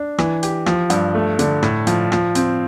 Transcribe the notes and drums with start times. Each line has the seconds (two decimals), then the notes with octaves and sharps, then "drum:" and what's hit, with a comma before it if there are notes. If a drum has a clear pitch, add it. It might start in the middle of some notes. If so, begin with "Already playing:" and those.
Already playing: D4
0.18 E3, drum: rim click
0.43 G4, drum: hi-hat
0.66 F3, drum: rim click
0.90 G2, drum: hi-hat
1.15 A3
1.39 D3, drum: hi-hat
1.63 A2, drum: rim click
1.87 F3, drum: hi-hat
2.12 F3, drum: rim click
2.35 C4, drum: hi-hat